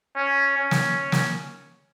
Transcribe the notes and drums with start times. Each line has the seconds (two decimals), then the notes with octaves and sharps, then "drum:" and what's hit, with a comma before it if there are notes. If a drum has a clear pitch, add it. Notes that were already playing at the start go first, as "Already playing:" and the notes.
0.17 C#4
0.58 C#4
0.71 drum: snare
1.12 drum: snare